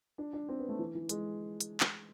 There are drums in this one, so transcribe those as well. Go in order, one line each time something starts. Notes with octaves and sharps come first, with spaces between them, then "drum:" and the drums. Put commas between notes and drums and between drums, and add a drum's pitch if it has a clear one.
D4
D4
C4
B3
A3
E3
E3
G#3, drum: hi-hat
drum: hi-hat
drum: clap